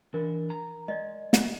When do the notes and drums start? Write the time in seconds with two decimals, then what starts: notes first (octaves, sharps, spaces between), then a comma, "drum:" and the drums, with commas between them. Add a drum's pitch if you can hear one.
0.14 E3 D4 A#4
0.50 A#5
0.88 G#3 D5 D#5
1.33 drum: snare